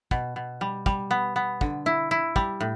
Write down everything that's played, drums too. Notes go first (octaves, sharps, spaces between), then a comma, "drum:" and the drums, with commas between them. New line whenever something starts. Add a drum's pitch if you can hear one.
B2, drum: kick
B2
G3
G3, drum: kick
B3
B3
D3, drum: kick
E4
E4
G3, drum: kick
A2